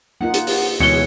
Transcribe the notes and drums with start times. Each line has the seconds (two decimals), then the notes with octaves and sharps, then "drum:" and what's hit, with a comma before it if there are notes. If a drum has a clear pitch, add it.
0.21 A#3 D#4 F4 F#5
0.34 drum: hi-hat
0.47 drum: open hi-hat
0.80 D2 B2 E3 G#3 C#5 C#7 G7